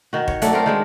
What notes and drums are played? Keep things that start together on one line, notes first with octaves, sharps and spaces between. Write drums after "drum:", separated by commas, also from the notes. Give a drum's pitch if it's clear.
D#3 F#4
C#5, drum: kick
F#3 A3 D4, drum: hi-hat
A3 C4 A#4
D#3 G#3 D4